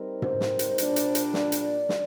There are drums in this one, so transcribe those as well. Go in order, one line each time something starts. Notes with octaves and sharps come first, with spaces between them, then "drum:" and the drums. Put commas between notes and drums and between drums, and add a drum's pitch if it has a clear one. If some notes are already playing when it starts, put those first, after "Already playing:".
Already playing: G3 C4 D#4 A#4
C5, drum: tom
drum: snare
drum: hi-hat
A#2 G3 D4, drum: hi-hat
drum: hi-hat
drum: hi-hat
D5, drum: snare
drum: hi-hat
drum: snare